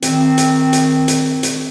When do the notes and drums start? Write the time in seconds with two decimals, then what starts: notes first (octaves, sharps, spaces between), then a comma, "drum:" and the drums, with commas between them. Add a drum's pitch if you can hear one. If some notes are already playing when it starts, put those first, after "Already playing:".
0.02 D#3 C4, drum: hi-hat
0.38 drum: hi-hat
0.73 drum: hi-hat
1.08 drum: hi-hat
1.43 drum: hi-hat